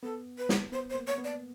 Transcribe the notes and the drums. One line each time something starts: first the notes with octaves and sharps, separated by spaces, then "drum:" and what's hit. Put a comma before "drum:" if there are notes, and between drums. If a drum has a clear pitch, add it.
B3 A4
B4
drum: snare
B3 C5
C5
A#3
C#5
B3
D5